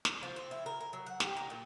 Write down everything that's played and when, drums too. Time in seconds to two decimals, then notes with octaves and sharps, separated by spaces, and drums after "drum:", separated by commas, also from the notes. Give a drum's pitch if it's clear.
0.05 drum: snare
0.23 F3
0.36 C4
0.51 E4
0.66 A#4
0.81 A#4
0.93 F#3
1.06 F#5
1.20 G4, drum: snare
1.37 D#4
1.50 A#2